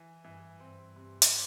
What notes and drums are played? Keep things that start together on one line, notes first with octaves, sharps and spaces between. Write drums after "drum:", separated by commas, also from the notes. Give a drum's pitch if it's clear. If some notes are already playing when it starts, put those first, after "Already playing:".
Already playing: E3
G2 E3
G2 C4
C3
drum: hi-hat